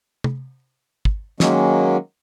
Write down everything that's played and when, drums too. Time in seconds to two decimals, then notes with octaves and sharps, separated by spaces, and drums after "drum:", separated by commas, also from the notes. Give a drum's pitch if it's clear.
0.24 drum: tom
1.05 drum: kick
1.40 D#3 F#3 G#3 A#3 C#4, drum: snare